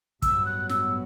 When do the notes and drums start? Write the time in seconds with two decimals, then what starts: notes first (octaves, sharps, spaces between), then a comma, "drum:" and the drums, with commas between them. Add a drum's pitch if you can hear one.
0.22 A1 G2 F#3 B3 E6, drum: kick, hi-hat
0.46 F#6
0.69 E6, drum: snare